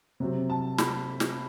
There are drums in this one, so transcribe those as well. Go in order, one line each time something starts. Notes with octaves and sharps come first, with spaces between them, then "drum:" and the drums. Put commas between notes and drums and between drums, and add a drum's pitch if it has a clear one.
C3 F#3 C4
A5
B5, drum: snare
drum: snare